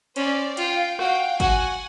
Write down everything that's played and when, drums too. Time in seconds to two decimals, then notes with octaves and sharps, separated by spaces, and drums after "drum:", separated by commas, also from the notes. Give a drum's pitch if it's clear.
0.16 C#4 C5 D5, drum: cymbal
0.57 F4 F5 G5, drum: cymbal
0.99 F#4 F5 G5, drum: rim click
1.40 F#4 F#5 G#5, drum: kick, cymbal